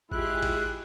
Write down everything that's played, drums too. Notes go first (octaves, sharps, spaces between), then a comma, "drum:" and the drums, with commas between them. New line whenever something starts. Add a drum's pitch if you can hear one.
G#3 E4 F4 G4 G#4 F#6, drum: kick A1
drum: kick A1, cymbal